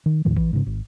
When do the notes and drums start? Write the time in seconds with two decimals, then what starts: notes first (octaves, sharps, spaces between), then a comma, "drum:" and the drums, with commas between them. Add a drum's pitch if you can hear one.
0.06 D#3
0.25 D#2 A2 D#3 F3
0.37 E3, drum: kick A1
0.53 G#2 C#3
0.66 G#1